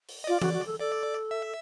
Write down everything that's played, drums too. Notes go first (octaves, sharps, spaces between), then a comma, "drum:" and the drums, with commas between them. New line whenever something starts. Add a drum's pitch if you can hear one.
drum: open hi-hat
D#5
F4 D5
F#4, drum: tom E3
F#4
A4
A4 D5
E5